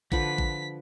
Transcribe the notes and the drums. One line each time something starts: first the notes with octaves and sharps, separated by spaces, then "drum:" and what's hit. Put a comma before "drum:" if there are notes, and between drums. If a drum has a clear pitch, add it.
D3 F3 B4 B6, drum: kick A1
drum: kick A1